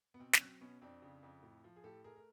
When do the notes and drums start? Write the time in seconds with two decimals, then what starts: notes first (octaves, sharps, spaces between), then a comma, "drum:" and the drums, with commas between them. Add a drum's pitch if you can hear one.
0.14 B3
0.19 B2 C4
0.33 C#4, drum: snare
0.40 F#3 C4
0.61 B2 B3 C#4
0.82 F2 C4 D4
1.02 C#3
1.23 F2
1.43 A2
1.64 F3
1.76 G#4
1.84 A2 G4 A4
2.04 A3 G#4 A#4
2.16 A#4